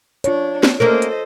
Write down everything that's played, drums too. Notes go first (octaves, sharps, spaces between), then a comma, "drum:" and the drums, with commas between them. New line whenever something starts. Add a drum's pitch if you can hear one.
D4 F4 C#5, drum: hi-hat
drum: snare
A#3 C#4 A4 A#4 C5 D#5
drum: hi-hat